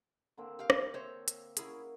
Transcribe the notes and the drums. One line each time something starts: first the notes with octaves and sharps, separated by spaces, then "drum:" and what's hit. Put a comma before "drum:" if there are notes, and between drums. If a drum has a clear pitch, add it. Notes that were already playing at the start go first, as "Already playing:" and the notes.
D3 A#3 C4
G4 F5
drum: rim click
C5 C#5 E5
drum: hi-hat
C#4 E4 G#4 A#4 F#5, drum: hi-hat